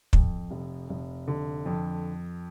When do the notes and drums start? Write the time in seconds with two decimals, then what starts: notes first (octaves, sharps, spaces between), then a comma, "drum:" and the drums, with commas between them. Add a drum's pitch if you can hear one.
0.13 F2, drum: kick
0.51 F1
0.89 F1
1.28 D3
1.66 F2